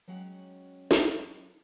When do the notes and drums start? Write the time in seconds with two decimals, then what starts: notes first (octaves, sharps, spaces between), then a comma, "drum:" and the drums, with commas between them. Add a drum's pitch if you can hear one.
0.08 F#3 G#3 C#4 F#5 G5
0.91 drum: snare